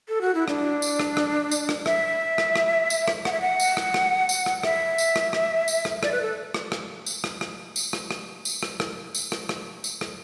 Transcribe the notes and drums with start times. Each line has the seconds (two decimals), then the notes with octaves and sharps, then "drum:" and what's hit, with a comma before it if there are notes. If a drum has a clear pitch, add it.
0.09 A4
0.21 F#4
0.35 E4
0.48 D4, drum: rim click
0.82 drum: tambourine
0.99 drum: rim click
1.17 drum: rim click
1.52 drum: tambourine
1.69 drum: rim click
1.86 E5, drum: rim click
2.38 drum: rim click
2.56 drum: rim click
2.90 drum: tambourine
3.08 drum: rim click
3.25 F#5, drum: rim click
3.32 E5
3.41 F#5
3.60 drum: tambourine
3.77 drum: rim click
3.94 drum: rim click
4.29 drum: tambourine
4.46 drum: rim click
4.63 E5, drum: rim click
4.98 drum: tambourine
5.16 drum: rim click
5.33 drum: rim click
5.68 drum: tambourine
5.85 drum: rim click
6.03 D5, drum: rim click
6.12 B4
6.21 A4
6.54 drum: rim click
6.72 drum: rim click
7.06 drum: tambourine
7.24 drum: rim click
7.41 drum: rim click
7.76 drum: tambourine
7.93 drum: rim click
8.11 drum: rim click
8.45 drum: tambourine
8.63 drum: rim click
8.80 drum: rim click
9.15 drum: tambourine
9.32 drum: rim click
9.49 drum: rim click
9.84 drum: tambourine
10.01 drum: rim click